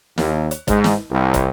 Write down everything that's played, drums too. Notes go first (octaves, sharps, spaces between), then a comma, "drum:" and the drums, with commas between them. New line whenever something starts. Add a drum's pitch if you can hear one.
D#2, drum: snare
drum: hi-hat
G#2, drum: kick, hi-hat
drum: snare
C2
drum: kick, hi-hat